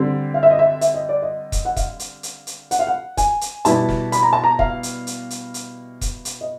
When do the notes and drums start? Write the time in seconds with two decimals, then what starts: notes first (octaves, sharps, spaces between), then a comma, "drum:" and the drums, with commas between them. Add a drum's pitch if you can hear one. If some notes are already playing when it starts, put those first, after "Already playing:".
Already playing: D3 G3 C4
0.34 F5
0.43 E5
0.50 D#5
0.59 E5
0.81 E5, drum: hi-hat
0.94 D#5
1.09 D5
1.22 D#5
1.52 drum: kick, hi-hat
1.65 F#5
1.76 F5, drum: kick, hi-hat
2.00 drum: hi-hat
2.23 drum: hi-hat
2.47 drum: hi-hat
2.71 F#5, drum: hi-hat
2.79 F5
2.87 F#5
3.17 G#5, drum: kick, hi-hat
3.41 drum: hi-hat
3.65 B2 G3 B3 E4 A5, drum: hi-hat
3.89 drum: snare
4.12 B5, drum: hi-hat
4.23 A#5
4.33 A5
4.44 A#5
4.59 F5, drum: kick
4.83 drum: hi-hat
5.07 drum: hi-hat
5.30 drum: hi-hat
5.54 drum: hi-hat
6.01 drum: kick, hi-hat
6.25 drum: hi-hat
6.41 D#5